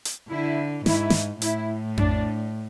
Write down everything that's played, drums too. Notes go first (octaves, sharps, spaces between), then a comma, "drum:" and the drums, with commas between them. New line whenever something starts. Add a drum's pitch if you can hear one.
drum: hi-hat
D3 E4
G#2 E4, drum: snare
drum: snare
A2 E4, drum: hi-hat
D4, drum: tom F2